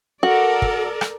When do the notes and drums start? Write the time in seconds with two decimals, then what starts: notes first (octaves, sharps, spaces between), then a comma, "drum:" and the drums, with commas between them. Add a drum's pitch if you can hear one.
0.23 F#4 A4 A#4 D5
0.62 drum: kick
1.01 drum: rim click